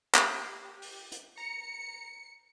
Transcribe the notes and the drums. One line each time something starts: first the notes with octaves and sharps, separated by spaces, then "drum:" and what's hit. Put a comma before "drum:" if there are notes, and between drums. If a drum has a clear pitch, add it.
G4, drum: clap
drum: open hi-hat
drum: hi-hat
A#5 C#7